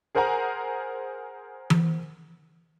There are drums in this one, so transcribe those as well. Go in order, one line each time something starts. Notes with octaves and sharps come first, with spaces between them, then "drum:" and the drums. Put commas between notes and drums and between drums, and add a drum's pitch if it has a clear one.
G#4 A#4 C5 F#5 G#5 A#5
drum: tom E3